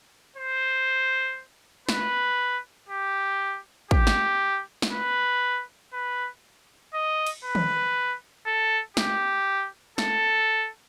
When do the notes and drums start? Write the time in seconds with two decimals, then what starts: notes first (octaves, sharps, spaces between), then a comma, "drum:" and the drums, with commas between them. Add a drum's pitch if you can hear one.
0.37 C5
1.89 B4, drum: snare
2.89 G4
3.91 G4, drum: kick
4.07 drum: snare
4.82 drum: snare
4.92 B4
5.93 B4
6.94 D#5
7.27 drum: cymbal
7.45 B4
7.55 drum: tom
8.46 A4
8.97 G4, drum: snare
9.98 A4, drum: snare